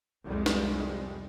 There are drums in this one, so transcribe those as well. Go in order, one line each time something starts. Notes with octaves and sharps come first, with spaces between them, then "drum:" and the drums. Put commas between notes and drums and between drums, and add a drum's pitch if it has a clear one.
C2 F2 G3 G#3
drum: snare